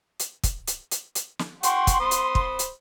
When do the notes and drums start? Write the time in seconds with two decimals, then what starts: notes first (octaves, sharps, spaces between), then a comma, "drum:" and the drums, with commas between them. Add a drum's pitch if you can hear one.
0.20 drum: hi-hat
0.44 drum: kick, hi-hat
0.67 drum: hi-hat
0.91 drum: hi-hat
1.15 drum: hi-hat
1.39 drum: snare
1.63 F#5 G5 C6 C#6, drum: hi-hat
1.87 drum: kick, hi-hat
2.00 C5 B5 D#6
2.11 drum: hi-hat
2.35 drum: kick
2.59 drum: hi-hat